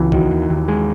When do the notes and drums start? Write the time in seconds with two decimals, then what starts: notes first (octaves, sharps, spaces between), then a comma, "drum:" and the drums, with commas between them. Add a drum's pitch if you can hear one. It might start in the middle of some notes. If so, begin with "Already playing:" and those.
Already playing: C#2 E3 F#3
0.12 D#3 F#3, drum: kick B1
0.31 D#2
0.50 D#2
0.68 G#3